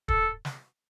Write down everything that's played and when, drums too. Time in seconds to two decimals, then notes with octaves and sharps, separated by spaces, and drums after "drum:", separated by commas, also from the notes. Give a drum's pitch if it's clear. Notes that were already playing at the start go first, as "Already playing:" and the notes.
0.08 A4, drum: kick
0.45 drum: snare